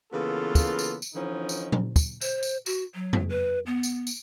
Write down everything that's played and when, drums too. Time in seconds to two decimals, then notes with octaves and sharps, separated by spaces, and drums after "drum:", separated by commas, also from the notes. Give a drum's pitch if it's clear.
0.12 C#3 E3 A#3 B3 F4 A4
0.55 drum: kick, tambourine
0.79 drum: tambourine
1.02 drum: tambourine
1.15 D3 E3 F3 C#4 D#4
1.49 drum: tambourine
1.72 drum: tom A#2
1.96 drum: kick, tambourine
2.21 C5, drum: tambourine
2.43 drum: tambourine
2.66 F#4, drum: tambourine
2.95 F#3
3.13 drum: tom F2
3.30 B4
3.66 B3
3.83 drum: tambourine
4.07 drum: tambourine